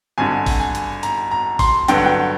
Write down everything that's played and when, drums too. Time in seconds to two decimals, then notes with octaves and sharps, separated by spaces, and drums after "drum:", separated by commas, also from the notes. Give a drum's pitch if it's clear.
0.18 G#1 G2 D3 G#5
0.46 drum: kick A1, open hi-hat
0.60 G#5
0.75 drum: hi-hat
1.03 A#5, drum: hi-hat
1.31 A#5
1.59 C6, drum: kick A1, open hi-hat
1.88 G2 D3 F#3 B3 G5, drum: hi-hat
1.98 F#5
2.06 G5